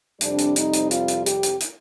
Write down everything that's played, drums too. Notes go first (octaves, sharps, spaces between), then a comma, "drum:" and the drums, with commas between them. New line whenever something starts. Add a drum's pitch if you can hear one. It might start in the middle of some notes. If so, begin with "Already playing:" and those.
F2 C3 G3 D4, drum: hi-hat
drum: hi-hat
D#4, drum: hi-hat
drum: hi-hat
F4, drum: hi-hat
drum: hi-hat
G4, drum: hi-hat
drum: hi-hat
drum: hi-hat